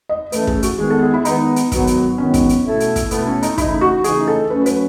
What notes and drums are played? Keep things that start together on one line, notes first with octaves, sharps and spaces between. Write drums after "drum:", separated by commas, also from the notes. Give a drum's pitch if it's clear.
D#5
E3 A3 C#4 E4 A4 B4, drum: hi-hat
G#4, drum: kick
F#4, drum: hi-hat
D#3 G#3 B3 G#4
A4
G#4
E4
D#3 G#3 B3 D#4, drum: hi-hat
drum: hi-hat
G#2 D#3 F#3 B3, drum: kick, hi-hat
drum: hi-hat
G#2 D#3 F#3 B3 C#4
drum: kick, hi-hat
drum: hi-hat
B2 A3 E4 A4
drum: hi-hat
drum: kick, hi-hat
B2 A3 B3 E4 A4, drum: hi-hat
C#4
D#4, drum: hi-hat
C#3 E3 A3 D#4 E4, drum: kick, hi-hat
F#4
C#3 E3 A3 D#4 G#4, drum: hi-hat
A4
F#3 A3 C#4 B4
B4, drum: hi-hat